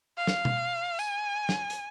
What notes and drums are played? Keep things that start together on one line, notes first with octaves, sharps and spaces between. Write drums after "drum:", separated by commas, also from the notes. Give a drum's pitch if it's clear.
F5
drum: snare
drum: tom B2
G#5, drum: tambourine
drum: snare
drum: hi-hat